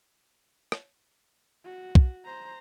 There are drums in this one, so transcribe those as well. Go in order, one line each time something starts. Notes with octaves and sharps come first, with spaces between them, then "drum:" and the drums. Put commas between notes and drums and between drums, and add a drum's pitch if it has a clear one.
drum: rim click
F#4
drum: kick
C5 A#5